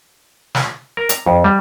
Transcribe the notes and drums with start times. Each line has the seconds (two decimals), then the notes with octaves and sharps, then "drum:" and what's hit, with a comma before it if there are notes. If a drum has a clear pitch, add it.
0.55 drum: snare
0.97 A#4
1.09 A#5, drum: hi-hat
1.26 F2
1.44 G3